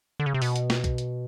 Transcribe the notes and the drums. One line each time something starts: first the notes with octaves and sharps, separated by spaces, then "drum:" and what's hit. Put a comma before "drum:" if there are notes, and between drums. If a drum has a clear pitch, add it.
D3
C#3
C3
B2, drum: open hi-hat
drum: hi-hat
drum: snare
drum: kick, hi-hat
drum: hi-hat